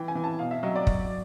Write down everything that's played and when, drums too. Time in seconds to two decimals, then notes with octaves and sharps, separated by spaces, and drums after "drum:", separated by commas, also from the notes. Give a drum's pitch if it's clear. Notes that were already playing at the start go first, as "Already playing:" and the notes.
Already playing: E3 G5
0.08 G#5
0.15 E3
0.24 A5
0.39 B2 F5
0.51 E5
0.63 F#3 D#5
0.76 D5
0.87 F#3, drum: kick